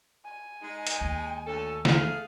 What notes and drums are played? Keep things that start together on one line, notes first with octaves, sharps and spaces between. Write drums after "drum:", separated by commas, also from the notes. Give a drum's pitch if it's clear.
G#5
G#3 D#4
drum: hi-hat
D#2
D2 C#4 A4
A3 G#4 F5, drum: snare